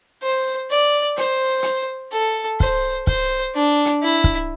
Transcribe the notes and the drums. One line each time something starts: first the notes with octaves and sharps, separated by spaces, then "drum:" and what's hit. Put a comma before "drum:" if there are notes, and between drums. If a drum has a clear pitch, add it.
C5
D5
C5, drum: hi-hat
drum: hi-hat
A4
C5, drum: kick
C5, drum: kick
D4
drum: hi-hat
E4
drum: kick